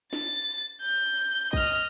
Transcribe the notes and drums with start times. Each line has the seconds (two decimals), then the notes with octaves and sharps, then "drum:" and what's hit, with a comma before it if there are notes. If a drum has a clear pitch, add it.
0.13 A6, drum: snare
0.82 G6
1.53 D#5 F6, drum: kick